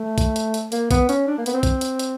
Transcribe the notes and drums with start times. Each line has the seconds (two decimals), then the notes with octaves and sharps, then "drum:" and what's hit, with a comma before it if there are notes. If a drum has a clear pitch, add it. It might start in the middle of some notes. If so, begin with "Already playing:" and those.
Already playing: A3
0.18 drum: kick, hi-hat
0.36 drum: hi-hat
0.54 drum: hi-hat
0.72 A#3, drum: hi-hat
0.91 B3, drum: kick, hi-hat
1.09 C#4, drum: hi-hat
1.27 D4
1.38 A#3
1.46 B3, drum: hi-hat
1.54 C4
1.63 drum: kick, hi-hat
1.81 drum: hi-hat
1.99 drum: hi-hat